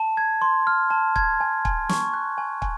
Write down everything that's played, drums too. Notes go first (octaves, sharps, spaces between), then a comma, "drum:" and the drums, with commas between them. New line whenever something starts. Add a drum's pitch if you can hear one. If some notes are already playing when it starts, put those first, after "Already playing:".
Already playing: A5
G#6
C6
F6
A5
G#6, drum: kick
G#5
G#5, drum: kick
C#6, drum: snare
F#6
G#5
G#5, drum: kick